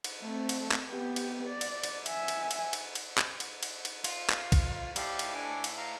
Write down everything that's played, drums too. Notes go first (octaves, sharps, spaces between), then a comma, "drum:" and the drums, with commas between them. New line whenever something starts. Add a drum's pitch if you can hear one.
drum: cymbal
A3 C4
drum: cymbal
drum: clap
B3 G4
drum: cymbal
D5
drum: cymbal
drum: cymbal
E5 G#5, drum: cymbal
drum: cymbal
drum: cymbal
drum: cymbal
drum: cymbal
drum: clap
drum: cymbal
drum: cymbal
drum: cymbal
F4, drum: cymbal
drum: clap
drum: kick A#1, cymbal
E4 G4 A4 D5 F5, drum: cymbal
drum: cymbal
D4 G#5 D6
drum: cymbal
F5 A#5